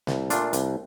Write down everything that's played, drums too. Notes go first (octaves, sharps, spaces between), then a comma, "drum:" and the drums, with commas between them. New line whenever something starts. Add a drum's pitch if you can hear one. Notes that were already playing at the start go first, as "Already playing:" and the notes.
C2, drum: snare
A#2 A3 D4 F4, drum: hi-hat
C2, drum: hi-hat